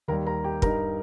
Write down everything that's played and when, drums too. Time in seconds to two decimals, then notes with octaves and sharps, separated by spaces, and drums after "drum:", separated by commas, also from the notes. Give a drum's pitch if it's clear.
0.08 D#2 D#3 G3 A#4 A#5
0.26 A#4 A#5
0.44 G4 G5
0.62 G2 G3 D#4 A#4 A#5, drum: kick